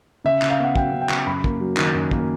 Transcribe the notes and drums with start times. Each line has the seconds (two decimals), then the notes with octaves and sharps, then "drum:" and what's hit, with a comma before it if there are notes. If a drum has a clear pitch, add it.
0.24 C#3 E5
0.42 C#3, drum: clap
0.50 F5
0.60 B3 F#5
0.76 F#3 G5, drum: kick
0.93 C#3
1.01 G5
1.09 C#3, drum: clap
1.26 F#2 B5
1.44 A#3, drum: kick
1.61 F#3
1.77 D#3, drum: clap
1.94 F#2
2.11 A#3, drum: kick